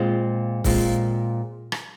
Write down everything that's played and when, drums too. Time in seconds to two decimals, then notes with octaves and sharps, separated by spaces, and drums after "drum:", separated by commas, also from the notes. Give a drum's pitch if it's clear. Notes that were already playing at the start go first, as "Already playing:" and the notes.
Already playing: A#2 G#3 C4 F4
0.64 A#2 G#3 C4 F4, drum: kick C#1, open hi-hat
1.72 drum: rim click